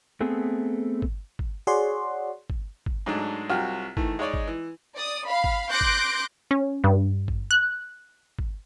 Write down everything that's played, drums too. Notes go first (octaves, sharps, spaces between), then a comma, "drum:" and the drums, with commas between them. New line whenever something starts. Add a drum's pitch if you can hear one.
A3 B3 C4 G#4 A4
drum: kick
drum: kick
F#4 G#4 C#5 D5 F#5 C6
drum: kick
drum: kick
G#2 F#3 G#3 A3 D4
C2 F#3 F4 F#4 G5 F6
D#3 E3 A3, drum: kick
G#3 D#4 C#5 D5
drum: kick
E3
D5 D#6
F5 B5
drum: kick
C6 D6 F#6 G6 A#6 D7
drum: kick
C#4
G2
drum: kick
F#6
drum: kick